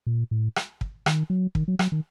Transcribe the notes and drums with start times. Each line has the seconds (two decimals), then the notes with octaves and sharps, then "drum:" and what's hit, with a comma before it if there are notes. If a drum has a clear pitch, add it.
0.07 A#2
0.31 A2
0.56 drum: rim click
0.81 drum: kick
1.06 D#3, drum: rim click
1.30 F#3
1.55 D#3, drum: kick
1.68 F#3
1.79 F#3, drum: rim click
1.92 D#3